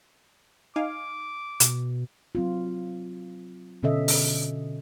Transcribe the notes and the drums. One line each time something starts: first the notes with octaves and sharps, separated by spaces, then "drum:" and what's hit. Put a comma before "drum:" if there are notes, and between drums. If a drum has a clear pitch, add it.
D#4 F5 G#5 D6
B2, drum: hi-hat
F#3 C4 F4
B2 D3 C#4 A4 D#5 E5
drum: open hi-hat